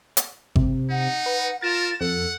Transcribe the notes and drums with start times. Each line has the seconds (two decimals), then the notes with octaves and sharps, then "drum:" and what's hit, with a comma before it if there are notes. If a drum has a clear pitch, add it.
0.17 drum: hi-hat
0.56 C3, drum: kick G#1
0.91 D#4 F#5
1.26 B4
1.62 F4 A#4 A6 E7
2.01 F2 A4 F#5